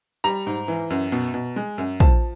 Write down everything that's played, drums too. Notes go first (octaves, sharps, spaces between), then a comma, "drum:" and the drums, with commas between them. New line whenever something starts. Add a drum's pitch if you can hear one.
G3 A#5
G#2
E3
F#2
B2
B2
G#3
F#2
F3 A5, drum: kick